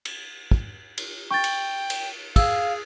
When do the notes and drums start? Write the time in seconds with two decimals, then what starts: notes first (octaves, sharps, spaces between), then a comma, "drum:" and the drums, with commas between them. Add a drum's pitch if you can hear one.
0.05 drum: cymbal
0.51 drum: kick
0.98 drum: cymbal
1.31 G5 C#6 A6
1.44 drum: cymbal
1.90 drum: cymbal
2.36 G#4 F5 E6, drum: kick, cymbal